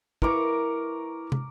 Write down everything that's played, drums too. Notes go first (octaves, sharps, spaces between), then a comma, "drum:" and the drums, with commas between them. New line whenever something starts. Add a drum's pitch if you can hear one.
E4 A#4 B4 C#6 D6, drum: kick
drum: tom